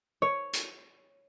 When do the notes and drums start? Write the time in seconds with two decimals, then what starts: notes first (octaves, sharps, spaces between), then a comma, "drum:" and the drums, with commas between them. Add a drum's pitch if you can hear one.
0.22 C#5
0.53 drum: hi-hat